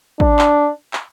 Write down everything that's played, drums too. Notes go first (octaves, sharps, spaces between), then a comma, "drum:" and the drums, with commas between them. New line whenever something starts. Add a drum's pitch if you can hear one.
D4, drum: kick
drum: clap
drum: clap